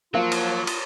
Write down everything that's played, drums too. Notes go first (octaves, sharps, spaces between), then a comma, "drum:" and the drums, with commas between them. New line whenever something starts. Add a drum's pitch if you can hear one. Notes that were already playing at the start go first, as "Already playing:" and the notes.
F3 F#3 A#3 F4 F5
drum: cymbal
drum: cymbal